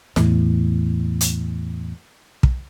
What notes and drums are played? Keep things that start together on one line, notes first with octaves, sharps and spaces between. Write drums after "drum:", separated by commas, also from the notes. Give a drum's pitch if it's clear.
E2 A2, drum: snare
drum: hi-hat
drum: kick